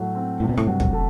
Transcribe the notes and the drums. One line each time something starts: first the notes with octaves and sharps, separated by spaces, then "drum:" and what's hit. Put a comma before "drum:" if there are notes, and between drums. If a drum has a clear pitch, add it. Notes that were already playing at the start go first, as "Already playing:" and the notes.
Already playing: A2 F#3
C4
A2 C3
B2
A2, drum: rim click
G2 F#3
drum: kick
A3